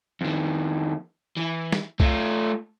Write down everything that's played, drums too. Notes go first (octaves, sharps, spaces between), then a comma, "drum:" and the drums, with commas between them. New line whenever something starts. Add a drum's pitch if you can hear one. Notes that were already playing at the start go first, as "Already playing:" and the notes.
F2 D#3
E3
drum: snare
A3 F4, drum: kick C2